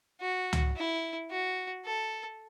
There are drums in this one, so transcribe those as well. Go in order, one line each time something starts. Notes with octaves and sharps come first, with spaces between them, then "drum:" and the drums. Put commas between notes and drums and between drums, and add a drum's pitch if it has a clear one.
F#4
drum: tom
E4
F#4
A4